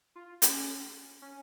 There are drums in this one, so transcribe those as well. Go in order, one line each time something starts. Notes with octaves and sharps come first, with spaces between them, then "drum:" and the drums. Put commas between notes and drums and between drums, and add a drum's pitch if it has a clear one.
F4
C#4, drum: hi-hat
C#4